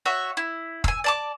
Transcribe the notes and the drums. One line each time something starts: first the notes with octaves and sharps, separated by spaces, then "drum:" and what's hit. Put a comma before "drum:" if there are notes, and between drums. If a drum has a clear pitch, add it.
F#4 C#5 E5
E4
G#5 E6, drum: kick F1
D5 A5 D6